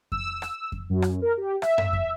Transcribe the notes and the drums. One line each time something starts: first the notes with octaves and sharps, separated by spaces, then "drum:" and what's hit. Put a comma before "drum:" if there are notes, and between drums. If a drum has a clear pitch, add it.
E6, drum: kick F2
drum: rim click
drum: kick F2
F#2
drum: rim click
A#4
G4
E5, drum: rim click
drum: tom F#2
drum: kick F2